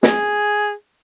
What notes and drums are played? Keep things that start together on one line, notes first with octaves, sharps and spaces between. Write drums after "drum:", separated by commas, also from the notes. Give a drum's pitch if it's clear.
G#4, drum: snare